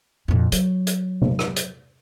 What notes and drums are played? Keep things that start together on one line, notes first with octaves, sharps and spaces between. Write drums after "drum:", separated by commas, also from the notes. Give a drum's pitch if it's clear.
F2 A#2
F#3, drum: hi-hat
drum: hi-hat
drum: tom C3
drum: rim click
drum: hi-hat